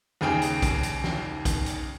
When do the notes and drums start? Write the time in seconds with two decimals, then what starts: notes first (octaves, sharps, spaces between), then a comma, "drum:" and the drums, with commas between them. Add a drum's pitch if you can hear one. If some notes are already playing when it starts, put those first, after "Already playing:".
0.21 D#2 C#3 G#4 G5, drum: snare
0.42 drum: hi-hat
0.62 drum: kick A#1, hi-hat
0.83 drum: hi-hat
1.04 drum: snare
1.45 drum: kick A#1, hi-hat
1.66 drum: hi-hat